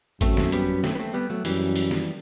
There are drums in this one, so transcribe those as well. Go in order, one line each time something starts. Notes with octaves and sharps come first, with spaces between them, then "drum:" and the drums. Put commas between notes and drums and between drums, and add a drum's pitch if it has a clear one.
F#2 A3 C4, drum: kick, hi-hat
drum: snare
G3 B3, drum: hi-hat
A3 C4, drum: snare
B3
A3 C4
G3 B3
F#3 A3
F#2 E3 G3, drum: open hi-hat
drum: open hi-hat
drum: snare